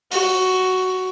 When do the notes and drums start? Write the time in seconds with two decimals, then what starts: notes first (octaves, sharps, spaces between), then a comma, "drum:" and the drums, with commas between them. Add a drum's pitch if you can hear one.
0.11 F#4, drum: open hi-hat